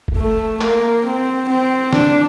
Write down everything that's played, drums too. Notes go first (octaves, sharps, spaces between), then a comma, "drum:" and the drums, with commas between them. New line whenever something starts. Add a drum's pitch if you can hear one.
drum: kick
A3
A#3, drum: clap
C4
C4
D4, drum: snare